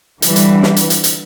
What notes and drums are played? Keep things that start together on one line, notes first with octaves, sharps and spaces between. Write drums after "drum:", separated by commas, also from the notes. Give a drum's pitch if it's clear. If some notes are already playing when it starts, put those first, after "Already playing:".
D3 E3 G3, drum: hi-hat
drum: hi-hat
drum: snare
drum: hi-hat
drum: hi-hat
drum: hi-hat